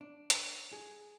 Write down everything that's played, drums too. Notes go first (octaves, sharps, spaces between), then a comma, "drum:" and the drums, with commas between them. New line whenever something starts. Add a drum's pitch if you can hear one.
D4
drum: hi-hat
G#4